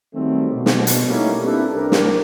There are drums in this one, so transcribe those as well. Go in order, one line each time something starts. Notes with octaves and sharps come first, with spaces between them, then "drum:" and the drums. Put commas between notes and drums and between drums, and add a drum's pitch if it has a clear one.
D#3 F#3 G3 A3 C4
B2
drum: snare
drum: hi-hat
G3 A3 A#3 C#4 D#4 E4
C4 D4 E4 G4 A4 B4
C2 D4 G4 A#4
drum: snare